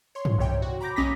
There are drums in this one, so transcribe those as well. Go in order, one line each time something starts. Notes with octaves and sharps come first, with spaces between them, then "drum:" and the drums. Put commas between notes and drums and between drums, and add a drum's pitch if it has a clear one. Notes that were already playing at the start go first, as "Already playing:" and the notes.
C#5 C6
drum: tom G2
C2 C3 C#5 G5
F#4
A#5 B5 D6 G6 A#6
B1 C#4 D6 D#6 A#6 B6